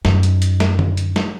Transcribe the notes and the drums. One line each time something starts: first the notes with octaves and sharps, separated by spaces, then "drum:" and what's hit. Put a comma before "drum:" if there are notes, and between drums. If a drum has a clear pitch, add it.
F#2 D#3, drum: snare
drum: hi-hat
drum: hi-hat
drum: snare
drum: tom D3
drum: hi-hat
drum: snare